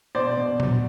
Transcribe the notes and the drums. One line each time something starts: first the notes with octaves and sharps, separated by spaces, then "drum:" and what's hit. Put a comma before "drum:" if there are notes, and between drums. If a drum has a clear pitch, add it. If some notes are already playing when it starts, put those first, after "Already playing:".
B2 C5 D5
B2
F#3, drum: tom A#2